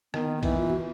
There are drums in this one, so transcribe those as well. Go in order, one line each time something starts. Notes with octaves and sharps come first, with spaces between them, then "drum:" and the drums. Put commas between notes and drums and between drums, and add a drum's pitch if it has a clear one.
D#3 B3, drum: rim click
B3
E3, drum: kick B1, cymbal
F4
F#4